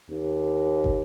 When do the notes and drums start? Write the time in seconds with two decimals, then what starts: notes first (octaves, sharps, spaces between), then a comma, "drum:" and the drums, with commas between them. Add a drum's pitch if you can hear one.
0.10 D#2
0.84 drum: kick